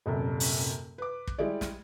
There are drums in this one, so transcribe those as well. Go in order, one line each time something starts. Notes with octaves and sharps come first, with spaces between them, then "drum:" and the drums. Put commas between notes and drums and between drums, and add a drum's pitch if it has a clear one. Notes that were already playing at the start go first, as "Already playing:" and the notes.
D#1 F#2 C3
drum: open hi-hat
B4 D6
drum: kick
G3 G#3 E4 D5
drum: snare